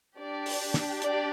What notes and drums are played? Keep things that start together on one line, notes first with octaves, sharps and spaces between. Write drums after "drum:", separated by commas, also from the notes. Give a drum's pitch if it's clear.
D4 G4 D5
drum: open hi-hat
drum: snare
D5, drum: hi-hat